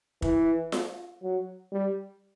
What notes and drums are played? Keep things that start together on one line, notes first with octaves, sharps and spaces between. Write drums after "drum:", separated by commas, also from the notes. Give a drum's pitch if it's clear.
E3, drum: kick
drum: snare F4
F#3
G3